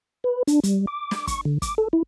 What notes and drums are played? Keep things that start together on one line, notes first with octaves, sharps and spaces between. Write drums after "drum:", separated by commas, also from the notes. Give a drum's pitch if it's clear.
B4
D4, drum: hi-hat
G3, drum: hi-hat
D6
drum: snare
C#6, drum: kick, hi-hat
D3
D6, drum: kick, hi-hat
A4
E4